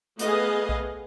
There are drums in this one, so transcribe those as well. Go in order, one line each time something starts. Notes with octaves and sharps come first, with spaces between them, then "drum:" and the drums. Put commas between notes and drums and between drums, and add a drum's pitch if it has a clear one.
A3 B3 G#4 D#5 F5, drum: hi-hat
drum: kick B1